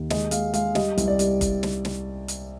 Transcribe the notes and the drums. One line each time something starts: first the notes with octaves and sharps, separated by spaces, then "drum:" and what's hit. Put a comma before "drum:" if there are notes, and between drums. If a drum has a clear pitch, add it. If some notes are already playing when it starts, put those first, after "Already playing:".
Already playing: D#2
G#3 D#5, drum: snare
G#3 F5, drum: hi-hat
G#3 F5, drum: hi-hat
G3 D#5, drum: snare
C2, drum: hi-hat
D5
G3, drum: hi-hat
drum: kick G1, hi-hat
drum: snare
drum: snare
drum: hi-hat